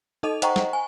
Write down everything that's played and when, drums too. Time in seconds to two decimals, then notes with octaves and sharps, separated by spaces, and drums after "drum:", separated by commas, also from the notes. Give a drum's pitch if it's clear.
0.23 D#4 A4 D#5 D#7 F7
0.42 C5 D#5 F#5 G5 A#5 C#6, drum: hi-hat
0.56 drum: snare
0.73 G#5